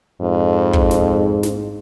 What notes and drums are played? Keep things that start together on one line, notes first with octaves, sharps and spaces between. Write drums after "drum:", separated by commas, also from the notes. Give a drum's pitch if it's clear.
F2 G#2
drum: kick
drum: snare
drum: snare